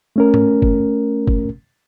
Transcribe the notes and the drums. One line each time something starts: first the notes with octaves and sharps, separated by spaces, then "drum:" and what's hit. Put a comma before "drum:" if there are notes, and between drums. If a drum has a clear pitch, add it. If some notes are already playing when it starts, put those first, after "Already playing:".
A3 C#4 A#4
drum: tom
drum: kick
drum: kick